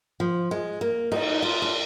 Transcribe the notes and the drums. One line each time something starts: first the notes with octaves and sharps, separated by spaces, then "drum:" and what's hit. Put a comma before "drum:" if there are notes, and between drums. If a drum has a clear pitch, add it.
F3
G#3
A#3
D#4, drum: cymbal
F4
D4